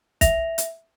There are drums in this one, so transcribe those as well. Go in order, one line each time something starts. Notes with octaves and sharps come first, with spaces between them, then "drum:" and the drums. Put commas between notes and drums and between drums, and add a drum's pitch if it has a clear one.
E5 A#6 F7, drum: kick, hi-hat
drum: hi-hat